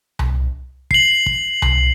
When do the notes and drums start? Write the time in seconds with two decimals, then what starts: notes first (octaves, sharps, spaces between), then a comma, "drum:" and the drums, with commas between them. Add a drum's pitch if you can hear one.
0.19 drum: tom C2
0.91 C7 F#7, drum: kick
1.26 drum: kick
1.62 drum: tom C2